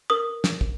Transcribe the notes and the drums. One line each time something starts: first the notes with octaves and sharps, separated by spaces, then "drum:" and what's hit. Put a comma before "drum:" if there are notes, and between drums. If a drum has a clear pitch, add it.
A#4 D#6
drum: snare
drum: kick